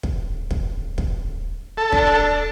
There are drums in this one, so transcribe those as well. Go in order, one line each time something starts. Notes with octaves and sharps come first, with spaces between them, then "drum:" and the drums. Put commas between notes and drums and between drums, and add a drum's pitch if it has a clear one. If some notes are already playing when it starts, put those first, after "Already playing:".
drum: kick
drum: kick
drum: kick
A4
D4, drum: kick